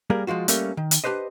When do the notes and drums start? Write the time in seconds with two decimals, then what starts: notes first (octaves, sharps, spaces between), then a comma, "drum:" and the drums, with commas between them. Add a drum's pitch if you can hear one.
0.10 G3 A#3 G#4 A#4
0.27 F3 G#3 F4 F#4
0.48 G3 A3 A#3 C#4, drum: hi-hat
0.77 D#3
0.91 drum: hi-hat
1.04 D4 G4 B4 C5 D#5